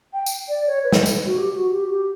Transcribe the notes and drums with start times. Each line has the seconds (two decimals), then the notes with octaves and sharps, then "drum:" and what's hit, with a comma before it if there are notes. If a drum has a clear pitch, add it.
0.13 G5
0.26 drum: tambourine
0.48 D5
0.66 C#5
0.83 B4
0.92 drum: snare
1.06 drum: tambourine
1.25 F#4
1.37 G4
1.54 F#4
1.71 G4
1.89 G4